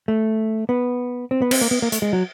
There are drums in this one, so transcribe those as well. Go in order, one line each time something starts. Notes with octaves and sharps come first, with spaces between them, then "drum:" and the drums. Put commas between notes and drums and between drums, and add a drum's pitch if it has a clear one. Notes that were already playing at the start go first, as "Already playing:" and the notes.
A3
B3
C4
B3
C4, drum: cymbal
A#3
B3
A#3
A3, drum: hi-hat
G#3
F#3